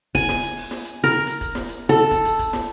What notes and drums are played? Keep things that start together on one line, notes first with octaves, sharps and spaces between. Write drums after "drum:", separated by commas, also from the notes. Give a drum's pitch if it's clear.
G#5, drum: kick, hi-hat
drum: snare
drum: hi-hat
drum: open hi-hat
drum: snare
drum: hi-hat
A#4
drum: hi-hat
drum: kick, hi-hat
drum: snare
drum: hi-hat
A4
drum: kick, hi-hat
drum: hi-hat
drum: kick, hi-hat
drum: snare